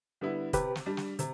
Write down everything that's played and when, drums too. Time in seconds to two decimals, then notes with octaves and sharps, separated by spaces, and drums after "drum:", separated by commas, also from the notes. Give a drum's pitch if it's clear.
0.21 D3 G3 B3 E4
0.53 C3 G4 B4, drum: kick F1, hi-hat
0.75 drum: snare
0.86 G3 D4
0.97 drum: snare
1.19 C3, drum: hi-hat